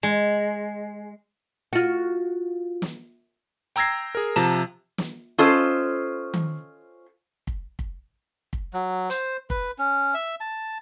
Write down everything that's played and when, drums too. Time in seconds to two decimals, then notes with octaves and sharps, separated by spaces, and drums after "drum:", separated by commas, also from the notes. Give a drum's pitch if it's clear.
0.03 G#3
1.73 F4 F#4
2.82 drum: snare
3.76 G5 A#5 E6 G#6 A#6 C7, drum: hi-hat
4.15 G#4 A#4
4.36 C3 F3 A5 A#5 E7
4.98 drum: snare
5.38 C#4 F4 A4 C5 D#5
6.34 drum: tom D#3
7.47 drum: kick
7.79 drum: kick
8.53 drum: kick
8.73 F#3
9.10 C5, drum: hi-hat
9.50 B4, drum: kick
9.79 C#4
10.14 E5
10.41 A5